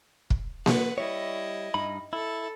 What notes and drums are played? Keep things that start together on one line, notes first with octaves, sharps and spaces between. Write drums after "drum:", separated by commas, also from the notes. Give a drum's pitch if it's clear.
drum: kick
B4 F#5, drum: snare A#3
G3 E4 C#5 D#5
G2 D#4 B5
E4 A4